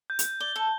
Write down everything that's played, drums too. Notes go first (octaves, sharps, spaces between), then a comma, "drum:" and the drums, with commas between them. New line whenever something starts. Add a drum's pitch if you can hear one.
G6
drum: hi-hat
D5 G7
A4